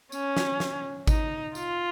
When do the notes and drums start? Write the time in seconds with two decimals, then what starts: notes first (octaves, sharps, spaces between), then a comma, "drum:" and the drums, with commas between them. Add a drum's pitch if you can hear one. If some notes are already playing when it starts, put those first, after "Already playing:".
0.12 C#4, drum: tambourine
0.37 drum: snare
0.60 drum: snare
1.07 D#4, drum: kick G#1, tambourine
1.55 F4, drum: tambourine